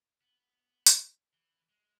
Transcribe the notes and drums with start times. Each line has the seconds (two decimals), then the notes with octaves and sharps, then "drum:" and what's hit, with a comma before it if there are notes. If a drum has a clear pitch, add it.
0.21 B3
0.86 drum: hi-hat
1.33 E3
1.69 G#3